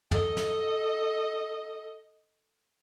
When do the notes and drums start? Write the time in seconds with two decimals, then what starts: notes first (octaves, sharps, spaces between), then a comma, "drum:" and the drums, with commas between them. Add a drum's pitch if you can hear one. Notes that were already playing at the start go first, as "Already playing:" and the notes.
0.11 A4 D#5, drum: tom
0.37 drum: snare